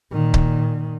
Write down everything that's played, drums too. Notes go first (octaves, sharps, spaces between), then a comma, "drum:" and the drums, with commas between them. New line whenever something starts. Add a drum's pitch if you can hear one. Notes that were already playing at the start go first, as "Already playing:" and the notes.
A#2 D#3
drum: kick C#1